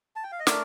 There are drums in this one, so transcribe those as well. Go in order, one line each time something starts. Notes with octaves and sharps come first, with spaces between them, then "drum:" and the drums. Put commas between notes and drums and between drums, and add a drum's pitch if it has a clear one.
A5
G5
F5
D#5
A3 D4 A#4 D5, drum: snare